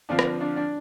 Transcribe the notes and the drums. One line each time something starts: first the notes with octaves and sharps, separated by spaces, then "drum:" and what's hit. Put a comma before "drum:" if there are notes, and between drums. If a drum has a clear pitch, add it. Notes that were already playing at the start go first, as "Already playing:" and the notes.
D3 F3 C4 D4 F4 D5
drum: rim click
D4 D5
D4 D5